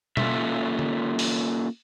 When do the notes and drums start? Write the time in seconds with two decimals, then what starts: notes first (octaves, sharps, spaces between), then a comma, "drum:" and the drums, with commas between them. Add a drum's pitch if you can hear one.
0.17 A#3 C#4 F4 A4 E5, drum: tom B2
0.79 drum: tom D3
1.19 drum: open hi-hat